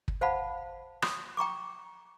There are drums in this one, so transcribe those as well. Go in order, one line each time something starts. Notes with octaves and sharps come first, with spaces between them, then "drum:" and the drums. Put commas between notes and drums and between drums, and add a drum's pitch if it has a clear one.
drum: kick
C5 F5 F#5 A5 B5
D#6, drum: rim click
G5 A#5 C#6 D6